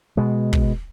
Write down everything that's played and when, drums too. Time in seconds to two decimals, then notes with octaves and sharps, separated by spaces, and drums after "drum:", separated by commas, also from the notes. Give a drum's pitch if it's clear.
0.17 B2 G#3
0.53 drum: kick